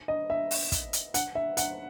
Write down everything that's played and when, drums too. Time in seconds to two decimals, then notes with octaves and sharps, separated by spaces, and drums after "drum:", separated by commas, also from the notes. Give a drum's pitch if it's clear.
0.08 D#5
0.30 E5
0.51 drum: open hi-hat
0.72 drum: kick, hi-hat
0.93 drum: hi-hat
1.14 F#5, drum: hi-hat
1.35 E5
1.57 F#5, drum: hi-hat